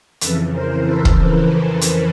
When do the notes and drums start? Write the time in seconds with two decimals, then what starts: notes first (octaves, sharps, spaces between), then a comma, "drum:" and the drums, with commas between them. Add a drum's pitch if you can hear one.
0.21 F2 C#3 E3 A4 B4, drum: hi-hat
0.51 A#4 C5
0.80 A4 B4
1.05 drum: kick
1.81 drum: hi-hat